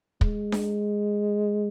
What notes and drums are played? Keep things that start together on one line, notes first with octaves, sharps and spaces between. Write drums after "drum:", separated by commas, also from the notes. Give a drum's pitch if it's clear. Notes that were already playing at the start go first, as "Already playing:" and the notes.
G#3, drum: kick
drum: snare D4